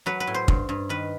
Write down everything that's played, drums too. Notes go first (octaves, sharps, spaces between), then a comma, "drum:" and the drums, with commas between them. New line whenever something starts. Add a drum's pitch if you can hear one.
F#3 B4
B4
A2
C5
G2, drum: kick
G2
D#3 B4